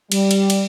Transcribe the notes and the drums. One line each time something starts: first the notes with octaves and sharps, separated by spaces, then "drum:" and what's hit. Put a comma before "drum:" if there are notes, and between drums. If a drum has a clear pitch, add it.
G3, drum: cymbal
drum: cymbal
drum: cymbal